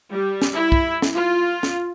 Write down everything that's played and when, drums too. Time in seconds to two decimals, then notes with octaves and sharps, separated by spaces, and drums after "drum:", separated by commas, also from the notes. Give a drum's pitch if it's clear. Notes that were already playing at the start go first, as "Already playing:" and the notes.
0.11 G3
0.42 drum: snare
0.53 E4
0.72 drum: kick
1.02 drum: snare
1.13 F4
1.63 drum: snare